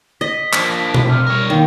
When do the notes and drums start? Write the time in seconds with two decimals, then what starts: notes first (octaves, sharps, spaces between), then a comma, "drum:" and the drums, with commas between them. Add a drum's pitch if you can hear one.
0.21 D#5 B6
0.53 F3 A#3 D4, drum: clap
0.94 drum: tom B2
1.09 C3 F6
1.27 G3 A#4 C#5
1.50 D#3 A#3 G5